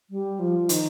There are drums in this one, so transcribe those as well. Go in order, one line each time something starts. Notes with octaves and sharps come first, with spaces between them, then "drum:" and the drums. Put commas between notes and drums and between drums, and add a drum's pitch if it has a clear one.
G3
F3
D#3, drum: hi-hat